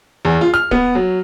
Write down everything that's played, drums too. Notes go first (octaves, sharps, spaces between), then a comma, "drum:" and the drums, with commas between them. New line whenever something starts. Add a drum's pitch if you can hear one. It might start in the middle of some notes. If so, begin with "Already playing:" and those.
E2
F4
F6
B3, drum: kick D1
F#3